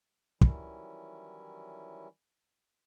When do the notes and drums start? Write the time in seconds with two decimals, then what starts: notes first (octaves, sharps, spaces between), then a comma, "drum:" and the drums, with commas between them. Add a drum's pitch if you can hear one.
0.41 D#3 E3 F#3 G3 C#4 E4, drum: kick